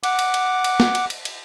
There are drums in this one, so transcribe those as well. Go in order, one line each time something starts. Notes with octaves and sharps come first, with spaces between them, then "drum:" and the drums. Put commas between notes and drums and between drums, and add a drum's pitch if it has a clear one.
F#5 D6, drum: cymbal
drum: cymbal
drum: cymbal
drum: cymbal
drum: snare
drum: cymbal
drum: cymbal
drum: cymbal